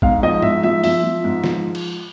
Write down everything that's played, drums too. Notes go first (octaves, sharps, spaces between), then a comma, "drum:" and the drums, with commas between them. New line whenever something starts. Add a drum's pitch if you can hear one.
G#2 F5, drum: kick A1
F3 D#5
G#2 E5, drum: tom G#2
F3 E5
F3 E5, drum: open hi-hat
F3
G#2
F3, drum: snare
drum: cymbal